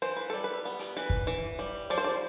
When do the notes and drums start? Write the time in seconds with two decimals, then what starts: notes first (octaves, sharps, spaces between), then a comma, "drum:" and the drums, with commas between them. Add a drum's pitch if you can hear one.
0.02 E3 C5
0.16 B4
0.30 G3 A4
0.44 B4
0.65 B3
0.79 drum: hi-hat
0.97 E3 B4
1.10 drum: kick
1.27 E3
1.59 G3
1.90 F3 D5
1.98 C5
2.04 D5